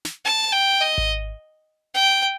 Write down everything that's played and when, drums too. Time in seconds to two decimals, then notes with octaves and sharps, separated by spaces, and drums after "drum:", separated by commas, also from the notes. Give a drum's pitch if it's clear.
0.05 drum: snare
0.25 A5
0.53 G5
0.81 D#5
0.98 drum: kick G#1
1.94 G5